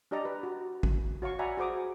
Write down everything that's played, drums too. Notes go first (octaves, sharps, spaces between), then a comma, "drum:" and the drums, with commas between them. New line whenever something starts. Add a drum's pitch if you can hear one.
D4 G4 D5 D#5 A#5
B4
F#4
drum: kick A1
F#4 C#5 F5 C#6
D5 E5 F#5 G#5 A#5 B5
F#4 G#4 C5 D6 D#6